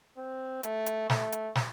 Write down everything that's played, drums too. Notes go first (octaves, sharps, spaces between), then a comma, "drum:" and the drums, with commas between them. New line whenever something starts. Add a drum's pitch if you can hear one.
C4
A3, drum: hi-hat
drum: hi-hat
A3, drum: snare
drum: hi-hat
drum: snare